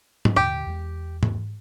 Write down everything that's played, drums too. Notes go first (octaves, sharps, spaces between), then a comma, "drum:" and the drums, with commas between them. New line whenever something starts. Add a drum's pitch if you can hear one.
drum: tom G#2
D#2 A#2 D3 G4
E2 G#3
drum: tom G#2